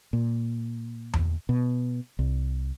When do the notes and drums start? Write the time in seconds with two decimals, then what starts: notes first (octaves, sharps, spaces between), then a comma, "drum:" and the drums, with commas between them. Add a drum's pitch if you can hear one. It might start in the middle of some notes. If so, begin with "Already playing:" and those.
0.13 A#2
1.14 drum: tom E2
1.49 B2
2.19 C2